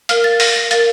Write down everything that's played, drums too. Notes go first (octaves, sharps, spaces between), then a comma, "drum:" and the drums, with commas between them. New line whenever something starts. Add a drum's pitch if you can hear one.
A#4 F5 F6, drum: hi-hat
A6
A#6, drum: open hi-hat
A#6
A#4 F5 A6, drum: hi-hat